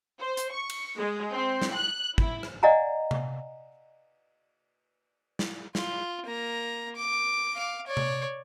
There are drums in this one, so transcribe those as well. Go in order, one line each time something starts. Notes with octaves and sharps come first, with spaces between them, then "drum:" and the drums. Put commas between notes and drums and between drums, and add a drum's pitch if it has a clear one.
C5
drum: hi-hat
C#6
drum: cymbal
G#3
C4
drum: snare
F#6
E4, drum: kick
drum: rim click
D5 D#5 F5 F#5 G#5 A#5
drum: tom C3
drum: snare
F4, drum: snare
A#3 A#5
D6
F5 D6
C#5 D5
drum: tom C3